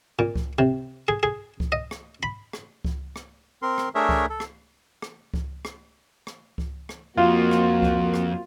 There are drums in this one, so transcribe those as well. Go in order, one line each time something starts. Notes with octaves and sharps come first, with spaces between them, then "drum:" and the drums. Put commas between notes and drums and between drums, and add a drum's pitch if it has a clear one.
A#2
drum: kick C#2
C3
G#4
G#4
drum: kick C#2
D#5
drum: rim click
B5
drum: rim click
drum: kick C#2
drum: rim click
C4 A#4 C6
drum: rim click
A3 D4 G#4 A#4 C#5 E5
drum: kick C#2
A4
drum: rim click
drum: rim click
drum: kick C#2
drum: rim click
drum: rim click
drum: kick C#2
drum: rim click
F2 A#3 F4 F#4
drum: rim click
drum: kick C#2
drum: rim click